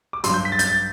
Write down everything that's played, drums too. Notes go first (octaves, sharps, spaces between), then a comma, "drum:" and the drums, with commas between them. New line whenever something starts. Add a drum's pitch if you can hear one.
D6
G2 F#3 C6, drum: hi-hat
G6
B6
A6
G6, drum: hi-hat
A6